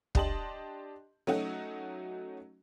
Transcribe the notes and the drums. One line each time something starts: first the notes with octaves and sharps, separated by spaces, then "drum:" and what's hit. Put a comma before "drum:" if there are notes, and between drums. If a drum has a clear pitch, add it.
D4 G4 D#5 A5 C6 F#7, drum: kick
F#3 A3 C#4 D#4 F#4